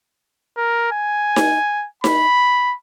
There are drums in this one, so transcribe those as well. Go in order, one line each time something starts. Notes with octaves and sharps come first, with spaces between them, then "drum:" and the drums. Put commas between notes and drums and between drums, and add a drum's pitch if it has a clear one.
A#4
G#5
drum: snare D#4
B5, drum: snare D#4